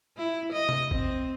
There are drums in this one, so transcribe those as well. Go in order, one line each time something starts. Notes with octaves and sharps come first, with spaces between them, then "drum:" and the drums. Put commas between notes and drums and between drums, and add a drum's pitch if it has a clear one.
E4
D#5
drum: tom C3
C4, drum: kick G#1